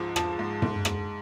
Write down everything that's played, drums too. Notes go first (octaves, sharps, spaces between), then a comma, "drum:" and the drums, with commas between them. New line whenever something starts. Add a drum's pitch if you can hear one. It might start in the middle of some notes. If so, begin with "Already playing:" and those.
Already playing: C#2 G#2 F3
F3 A5, drum: rim click
G#2
G#2, drum: tom
G#2, drum: rim click